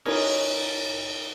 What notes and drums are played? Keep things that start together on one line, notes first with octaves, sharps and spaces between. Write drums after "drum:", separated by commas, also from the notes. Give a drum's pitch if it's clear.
C#4 D#4 A#4 B4 C#5, drum: cymbal